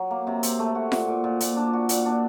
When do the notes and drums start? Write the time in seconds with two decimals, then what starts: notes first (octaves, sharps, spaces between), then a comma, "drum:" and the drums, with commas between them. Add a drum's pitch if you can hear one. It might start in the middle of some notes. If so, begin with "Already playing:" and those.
Already playing: F#3
0.11 A#3
0.27 C3
0.43 C4, drum: hi-hat
0.59 A3
0.75 F#4
0.92 A#2, drum: snare F4
1.08 A#2
1.24 A#2
1.40 A#2, drum: hi-hat
1.56 D4
1.73 F#4
1.89 A#2, drum: hi-hat
2.06 D4